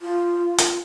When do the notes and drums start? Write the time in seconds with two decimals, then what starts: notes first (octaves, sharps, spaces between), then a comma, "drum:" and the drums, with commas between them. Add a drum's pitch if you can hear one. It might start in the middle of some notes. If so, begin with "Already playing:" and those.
0.02 F4
0.58 drum: hi-hat